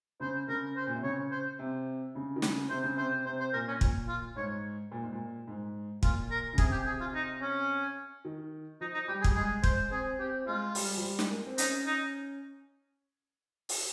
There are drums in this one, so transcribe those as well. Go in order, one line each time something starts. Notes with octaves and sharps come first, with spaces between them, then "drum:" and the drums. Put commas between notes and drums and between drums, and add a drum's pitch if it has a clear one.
C#3 C5
C#3 A#4
C5
A#2
C3
C#3 C#5
C5
C3
C#3
D#3
C#3, drum: snare
C3 C5
C#3
C3 C5
C3 C5
C5
A#2 A#4
C#4
A#2, drum: kick
F4
G#2 C#5
A#2
G#2
A#2
G#2
A#2 F4, drum: kick
A#4
C#3
C3 G#4, drum: kick
G4
G#4
F4
D#4
C#4
D#3
F3 D#4
D#4
G3 G4
G#4
G3, drum: kick
G#3 G#4
C5, drum: kick
C4 G#4
C4 G4
G#3 F4
G3, drum: open hi-hat
F3
G3
G#3, drum: snare
A#3
C4
C#4 D#4, drum: hi-hat
D#4
drum: open hi-hat